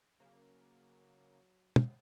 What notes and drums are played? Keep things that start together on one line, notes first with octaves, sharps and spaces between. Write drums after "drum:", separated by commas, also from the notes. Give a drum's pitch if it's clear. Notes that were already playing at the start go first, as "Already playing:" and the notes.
C#3 F#3 A#3
drum: tom